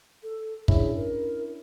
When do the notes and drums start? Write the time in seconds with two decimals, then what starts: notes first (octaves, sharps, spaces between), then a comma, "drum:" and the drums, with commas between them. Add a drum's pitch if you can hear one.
0.23 A4
0.68 C#4 D4 E4 G#4, drum: kick
0.96 A#4